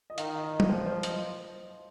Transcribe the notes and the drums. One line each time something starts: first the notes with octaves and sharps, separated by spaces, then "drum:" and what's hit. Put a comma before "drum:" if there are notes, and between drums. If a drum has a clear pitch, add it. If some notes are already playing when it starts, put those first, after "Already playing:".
D#5
D#3 F5, drum: hi-hat
F5
D#5
drum: tom F#3
F3 C5
C5
D#5, drum: hi-hat